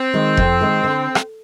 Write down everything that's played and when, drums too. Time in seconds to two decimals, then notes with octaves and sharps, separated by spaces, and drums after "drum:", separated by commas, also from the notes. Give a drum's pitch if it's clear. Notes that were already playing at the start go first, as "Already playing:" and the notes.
Already playing: C4
0.14 D#3 G#3
0.37 F2, drum: kick F1
0.61 D#3 G#3
0.84 D3
1.15 drum: rim click